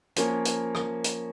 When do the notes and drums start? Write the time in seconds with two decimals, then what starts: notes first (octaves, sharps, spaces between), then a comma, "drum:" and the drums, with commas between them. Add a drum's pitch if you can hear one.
0.16 F3 A#3 C#4, drum: hi-hat
0.45 drum: hi-hat
0.75 drum: rim click
1.04 drum: hi-hat